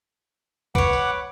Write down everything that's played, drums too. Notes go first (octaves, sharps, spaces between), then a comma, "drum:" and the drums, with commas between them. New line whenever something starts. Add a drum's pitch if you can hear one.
B4 C#5 F#5 D6, drum: kick C2
drum: tambourine